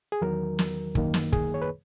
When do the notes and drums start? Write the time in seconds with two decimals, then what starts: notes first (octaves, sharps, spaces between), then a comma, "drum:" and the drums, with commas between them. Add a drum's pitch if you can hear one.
0.12 G#4
0.21 E2 D#3 F#3 A#4
0.59 drum: snare
0.95 F#2 D#3 A#3, drum: kick
1.14 drum: snare
1.33 G#4, drum: kick
1.54 C#5
1.62 B4